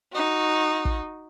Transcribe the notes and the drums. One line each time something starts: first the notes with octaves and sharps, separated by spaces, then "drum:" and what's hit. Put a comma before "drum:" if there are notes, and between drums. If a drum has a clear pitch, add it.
D#4 F#4
drum: kick